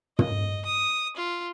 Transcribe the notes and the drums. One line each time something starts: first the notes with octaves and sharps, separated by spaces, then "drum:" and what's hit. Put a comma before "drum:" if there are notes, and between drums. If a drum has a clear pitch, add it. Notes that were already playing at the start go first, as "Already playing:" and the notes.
D#5, drum: tom
D#6
F4